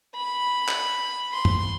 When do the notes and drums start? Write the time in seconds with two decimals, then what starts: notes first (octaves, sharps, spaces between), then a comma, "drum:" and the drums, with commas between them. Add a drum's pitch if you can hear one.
0.17 B5
0.69 drum: clap
1.33 C6
1.45 drum: tom